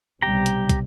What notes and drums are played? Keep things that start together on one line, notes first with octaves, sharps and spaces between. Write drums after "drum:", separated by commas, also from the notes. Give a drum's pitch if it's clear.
B1 C3 G3 G4 G5 A#5
drum: hi-hat
drum: kick, hi-hat